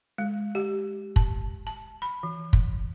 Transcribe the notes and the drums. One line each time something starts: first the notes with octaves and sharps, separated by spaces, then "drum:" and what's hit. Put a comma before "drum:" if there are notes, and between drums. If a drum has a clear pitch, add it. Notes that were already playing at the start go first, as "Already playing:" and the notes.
G#3
G4
A5, drum: kick
A5
B5
E3
drum: kick